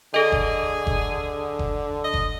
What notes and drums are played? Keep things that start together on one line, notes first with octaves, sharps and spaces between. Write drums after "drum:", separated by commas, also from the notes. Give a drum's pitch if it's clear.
D3 G#4 A4 D#5
drum: kick F#1
drum: kick F#1
drum: kick F#1
D#5
drum: kick F#1